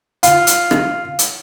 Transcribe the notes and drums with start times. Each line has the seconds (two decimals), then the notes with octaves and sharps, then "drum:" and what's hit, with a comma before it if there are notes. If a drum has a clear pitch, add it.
0.23 F4, drum: hi-hat
0.47 drum: hi-hat
0.71 drum: rim click
1.19 drum: hi-hat